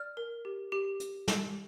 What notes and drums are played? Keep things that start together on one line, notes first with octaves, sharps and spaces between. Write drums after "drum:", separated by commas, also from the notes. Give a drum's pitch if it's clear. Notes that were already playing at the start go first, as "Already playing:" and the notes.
Already playing: D5 F6
A#4
G4
G4
drum: hi-hat
drum: snare